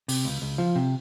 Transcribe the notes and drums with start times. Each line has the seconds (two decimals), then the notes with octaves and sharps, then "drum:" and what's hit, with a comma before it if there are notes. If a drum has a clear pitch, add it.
0.08 C3, drum: open hi-hat
0.25 C#2
0.42 C#2
0.58 F3
0.76 C3